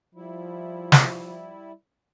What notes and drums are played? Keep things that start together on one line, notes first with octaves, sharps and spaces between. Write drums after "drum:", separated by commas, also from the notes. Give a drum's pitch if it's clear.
F3 G3 E4
drum: snare